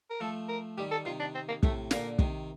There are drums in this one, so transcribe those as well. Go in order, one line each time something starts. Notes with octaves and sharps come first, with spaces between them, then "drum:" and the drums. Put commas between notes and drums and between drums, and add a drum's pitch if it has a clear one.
A#4
F3 A3 A4
A#4
D#3 G3 G4
A4
C3 D#3 F4
D4
C4
A#3
A2 C3 A3, drum: kick
A#2 D3 A#3, drum: snare
C3 D#3, drum: kick